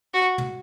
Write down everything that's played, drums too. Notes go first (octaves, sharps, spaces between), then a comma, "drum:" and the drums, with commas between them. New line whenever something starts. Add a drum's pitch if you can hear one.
F#4
drum: tom